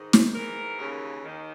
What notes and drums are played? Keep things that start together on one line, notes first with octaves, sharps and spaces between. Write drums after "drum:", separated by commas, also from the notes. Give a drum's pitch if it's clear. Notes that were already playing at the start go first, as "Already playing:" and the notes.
Already playing: G#2 D#3
C#5, drum: snare
G#2 E3 A#4
D#2 C#3 E3
D#2 D#3